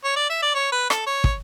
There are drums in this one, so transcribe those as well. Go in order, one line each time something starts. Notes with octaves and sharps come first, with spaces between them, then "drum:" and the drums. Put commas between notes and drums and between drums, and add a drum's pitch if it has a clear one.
C#5
D5
E5
D5
C#5
B4
A4, drum: rim click
C#5
drum: kick